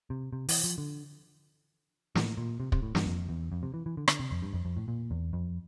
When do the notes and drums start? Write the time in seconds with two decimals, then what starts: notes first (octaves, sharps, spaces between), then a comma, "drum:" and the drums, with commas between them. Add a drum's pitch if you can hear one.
0.10 C3
0.33 C3
0.49 E3, drum: open hi-hat
0.64 F3
0.78 D3
2.15 A2, drum: snare
2.37 A#2
2.60 C3
2.72 C3, drum: kick
2.82 A2
2.95 G2, drum: snare
3.06 F2
3.29 E2
3.52 F2
3.63 C3
3.74 E3
3.86 E3
3.97 D3
4.08 D3, drum: rim click
4.19 C3
4.31 F2
4.42 G2
4.53 F2
4.65 F2
4.77 A2
4.88 A#2
5.11 E2
5.33 F2